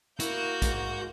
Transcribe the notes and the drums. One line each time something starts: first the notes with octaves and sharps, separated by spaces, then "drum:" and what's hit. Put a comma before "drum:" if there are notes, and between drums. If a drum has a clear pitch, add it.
A#3 E4 F#4 G6, drum: hi-hat
G#2 G#3, drum: kick, hi-hat